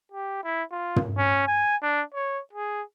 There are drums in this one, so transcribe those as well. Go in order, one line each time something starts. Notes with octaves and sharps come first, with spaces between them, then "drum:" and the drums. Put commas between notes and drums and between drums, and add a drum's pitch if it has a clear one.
G4
E4
F4
drum: tom
C#4
G#5
D4
C#5
G#4